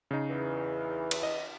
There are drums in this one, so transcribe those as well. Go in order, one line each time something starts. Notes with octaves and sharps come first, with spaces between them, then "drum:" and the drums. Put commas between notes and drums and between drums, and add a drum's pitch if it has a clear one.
C#3 D#4
E2 E3
drum: cymbal
D#5